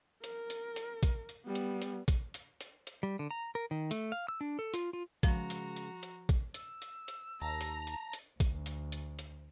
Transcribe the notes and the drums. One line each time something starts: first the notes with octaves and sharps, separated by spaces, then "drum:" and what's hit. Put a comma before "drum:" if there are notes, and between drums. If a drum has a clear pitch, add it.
A#4, drum: hi-hat
drum: hi-hat
drum: hi-hat
drum: kick, hi-hat
drum: hi-hat
G3 B3
drum: hi-hat
drum: hi-hat
drum: kick, hi-hat
drum: hi-hat
drum: hi-hat
drum: hi-hat
G3
D3
A#5
A#4
D#3
A3, drum: hi-hat
F5
E6
D4
A4
F4, drum: hi-hat
F4
C#3 F3 G#3 F#4 B4 A#5, drum: kick, hi-hat
drum: hi-hat
drum: hi-hat
drum: hi-hat
drum: kick, hi-hat
E6, drum: hi-hat
drum: hi-hat
drum: hi-hat
D#2 A5 A#5
drum: hi-hat
drum: hi-hat
drum: hi-hat
D2, drum: kick, hi-hat
drum: hi-hat
drum: hi-hat
drum: hi-hat